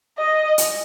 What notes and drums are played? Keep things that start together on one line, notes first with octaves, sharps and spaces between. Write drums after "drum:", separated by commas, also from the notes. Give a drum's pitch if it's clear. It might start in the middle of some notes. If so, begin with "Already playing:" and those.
D#5
drum: hi-hat